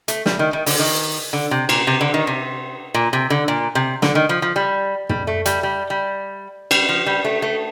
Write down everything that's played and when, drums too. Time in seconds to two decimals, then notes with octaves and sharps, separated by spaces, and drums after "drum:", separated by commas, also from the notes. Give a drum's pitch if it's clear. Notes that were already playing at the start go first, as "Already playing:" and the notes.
0.08 A3, drum: hi-hat
0.26 G3, drum: snare
0.39 D#3
0.53 D#3
0.66 D3, drum: open hi-hat
0.79 D#3
1.33 D3
1.51 C3
1.69 A#2, drum: cymbal
1.87 C3
2.01 D3
2.14 D#3
2.27 C3
2.94 A#2
3.13 C3
3.30 D3
3.48 A#2
3.75 C3
4.02 D3, drum: snare
4.15 D#3
4.29 F3
4.42 F3
4.56 G3
5.09 G3, drum: tom
5.27 A3
5.46 G3, drum: hi-hat
5.63 G3
5.90 G3
6.71 G3, drum: cymbal
6.89 F3
7.06 G3
7.25 A3
7.42 A3